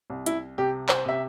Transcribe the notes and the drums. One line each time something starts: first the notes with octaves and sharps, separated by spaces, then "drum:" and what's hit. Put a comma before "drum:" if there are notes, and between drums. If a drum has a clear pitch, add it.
C2
E4, drum: hi-hat
C3 G4
C5, drum: clap
C3 E5